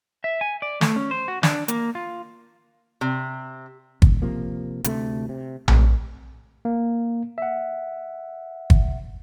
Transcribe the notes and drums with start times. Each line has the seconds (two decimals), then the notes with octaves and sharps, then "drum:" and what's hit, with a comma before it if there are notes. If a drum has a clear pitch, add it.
0.24 E5
0.41 G#5
0.62 D5
0.81 A3, drum: snare
0.96 C#4
1.11 C5
1.28 F#4
1.43 D4, drum: snare
1.68 A#3, drum: hi-hat
1.95 F4
3.01 C3
4.02 D#1, drum: kick
4.22 C3 F3 A#3
4.84 D2 C3 A3, drum: hi-hat
5.29 C3
5.68 G#1 C3 A3, drum: tom A#1
6.65 A#3
7.38 E5 F#5
8.70 drum: kick